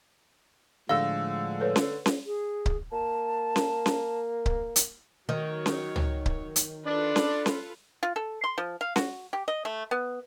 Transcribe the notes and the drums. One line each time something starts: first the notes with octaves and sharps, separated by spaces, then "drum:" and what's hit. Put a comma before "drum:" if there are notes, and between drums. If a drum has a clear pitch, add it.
A2 D3 F3 G#3 A3 F5 E6
A4 B4 C#5
drum: snare C#4
drum: snare C#4
G#4
drum: kick C#1
A#3 A5
drum: snare C#4
drum: snare C#4
drum: kick C#1
drum: hi-hat
D#3 F#3 C#5
drum: snare C#4
drum: tom
drum: kick C#1
drum: hi-hat
D4 F4 A4 B4 D5
drum: snare C#4
drum: snare C#4
F4
A4
C6
F3
F5
F#4, drum: snare C#4
G4
D#5
A3
B3